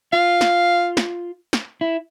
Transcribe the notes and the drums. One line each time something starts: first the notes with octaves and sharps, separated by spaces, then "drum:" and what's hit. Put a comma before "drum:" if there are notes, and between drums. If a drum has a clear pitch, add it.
F4 F5
drum: snare
drum: snare
drum: snare
E4